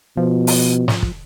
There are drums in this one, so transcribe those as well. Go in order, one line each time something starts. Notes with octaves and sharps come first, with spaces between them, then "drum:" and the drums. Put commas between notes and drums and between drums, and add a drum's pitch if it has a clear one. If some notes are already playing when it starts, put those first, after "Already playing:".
B2 F3
drum: open hi-hat
drum: snare
drum: kick